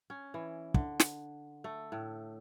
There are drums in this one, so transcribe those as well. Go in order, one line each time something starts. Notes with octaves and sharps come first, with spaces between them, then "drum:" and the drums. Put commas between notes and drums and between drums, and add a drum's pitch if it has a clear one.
C#4
E3
D3, drum: kick
drum: snare
A3
A2